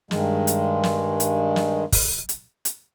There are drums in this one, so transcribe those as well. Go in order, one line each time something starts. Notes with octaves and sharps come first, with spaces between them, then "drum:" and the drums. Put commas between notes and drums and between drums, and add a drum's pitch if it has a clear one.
G2 D#3 G#3, drum: snare
drum: hi-hat
drum: snare
drum: hi-hat
drum: snare
drum: kick, open hi-hat
drum: hi-hat
drum: hi-hat